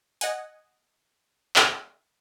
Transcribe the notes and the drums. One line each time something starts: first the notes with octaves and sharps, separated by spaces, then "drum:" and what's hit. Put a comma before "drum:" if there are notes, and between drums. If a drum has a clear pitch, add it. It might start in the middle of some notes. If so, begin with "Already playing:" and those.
D#5 F#5 G#5, drum: hi-hat
drum: clap